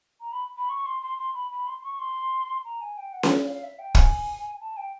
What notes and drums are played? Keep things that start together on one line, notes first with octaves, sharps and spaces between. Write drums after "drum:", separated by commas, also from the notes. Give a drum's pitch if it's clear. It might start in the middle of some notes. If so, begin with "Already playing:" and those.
A#5
B5
B5
C#6
C6
C6
C6
B5
B5
C6
C#6
C6
A#5
G#5
G5
F#5
drum: snare C#4
F5
E5
G5
G#5, drum: kick
A5
G5